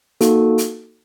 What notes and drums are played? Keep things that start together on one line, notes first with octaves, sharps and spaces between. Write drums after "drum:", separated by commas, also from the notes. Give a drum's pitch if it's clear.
A#3 D#4 F#4 A4, drum: hi-hat
drum: hi-hat